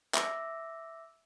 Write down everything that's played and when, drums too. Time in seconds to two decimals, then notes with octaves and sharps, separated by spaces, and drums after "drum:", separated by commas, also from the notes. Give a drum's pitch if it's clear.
0.15 E5 D6 E6 A#6, drum: clap